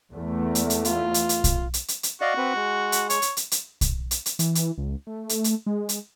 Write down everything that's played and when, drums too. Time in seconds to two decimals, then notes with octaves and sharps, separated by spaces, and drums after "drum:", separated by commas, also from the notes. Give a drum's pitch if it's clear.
0.13 E2 A3
0.55 drum: hi-hat
0.70 drum: hi-hat
0.85 F4, drum: hi-hat
1.14 drum: hi-hat
1.29 drum: hi-hat
1.44 drum: kick B1, hi-hat
1.74 drum: hi-hat
1.88 drum: hi-hat
2.03 drum: hi-hat
2.21 F#4 D5 D#5 F5
2.37 C4 B4
2.55 G#3
2.92 drum: hi-hat
3.10 C#5, drum: hi-hat
3.22 drum: hi-hat
3.37 drum: hi-hat
3.51 drum: hi-hat
3.81 drum: kick B1, hi-hat
4.11 drum: hi-hat
4.26 drum: hi-hat
4.39 E3, drum: hi-hat
4.55 drum: hi-hat
4.78 C#2
5.07 A3
5.29 drum: hi-hat
5.44 drum: hi-hat
5.66 G#3
5.89 drum: hi-hat